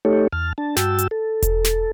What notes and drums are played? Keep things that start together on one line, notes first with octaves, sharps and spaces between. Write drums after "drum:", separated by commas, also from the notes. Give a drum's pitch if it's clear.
A3 D#4 G4 A4 C#5
E2 A5 F6
D4 A5
G2 F#4 G5 A5 E6, drum: snare
drum: hi-hat
A4
drum: kick E1, hi-hat
drum: snare